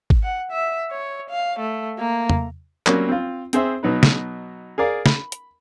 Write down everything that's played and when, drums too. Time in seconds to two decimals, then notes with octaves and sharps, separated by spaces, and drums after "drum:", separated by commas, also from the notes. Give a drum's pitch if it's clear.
0.10 drum: kick G#1
0.23 F#5
0.51 E5
0.92 C#5
1.30 F5
1.60 A3
1.99 A#3
2.30 drum: tom
2.86 F#3 G3 A#3 C4 C#4, drum: clap
3.09 C4 F4
3.53 C4 G#4 C5 E5, drum: hi-hat
3.83 B2 F#3 D#4 B4
4.03 drum: snare
4.78 G#4 A#4 D5 F5
5.06 B5, drum: snare
5.32 drum: hi-hat